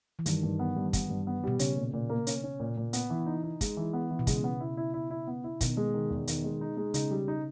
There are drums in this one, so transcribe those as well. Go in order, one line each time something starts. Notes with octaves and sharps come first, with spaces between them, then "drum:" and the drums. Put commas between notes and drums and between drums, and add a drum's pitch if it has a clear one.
E3
G2 D#3, drum: hi-hat
G2
B3
G2
B3, drum: kick, hi-hat
G2
B3
B2 G3
C#3 C#4, drum: hi-hat
A#2
A#2
A#3
C#4, drum: hi-hat
C#4
A#2
A#2
B3, drum: hi-hat
E3
D#4
D#4
G#3, drum: kick, hi-hat
E3
B3
E3
B2
C#3 G#3, drum: kick, hi-hat
B3
E4
E4
E4
E4
B3
E4
B2 D#3, drum: kick, hi-hat
G#3
D#3
E2
D#3, drum: hi-hat
G#3
D#4
G#3
C#3 D#4, drum: hi-hat
G3
D#4